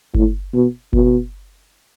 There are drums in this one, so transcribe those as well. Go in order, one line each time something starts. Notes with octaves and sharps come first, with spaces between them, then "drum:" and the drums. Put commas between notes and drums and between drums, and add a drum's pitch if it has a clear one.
A2, drum: kick G1
B2
B2, drum: kick G1